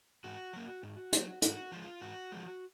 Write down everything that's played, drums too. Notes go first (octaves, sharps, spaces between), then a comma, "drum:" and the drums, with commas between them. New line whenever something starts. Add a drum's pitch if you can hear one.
G#2 F#4
F#3 A#3
G#2
F#3 A#3, drum: hi-hat
G#2 F#4, drum: hi-hat
F3 G#3 F4
G#2 F#4
F3 G#3